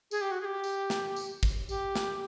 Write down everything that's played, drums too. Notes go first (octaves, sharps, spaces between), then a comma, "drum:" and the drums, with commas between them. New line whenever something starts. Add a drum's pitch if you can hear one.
G#4, drum: tambourine
G4
F#4
G#4
G4
drum: tambourine
drum: snare
drum: tambourine
drum: kick, tambourine
G4, drum: tambourine
drum: snare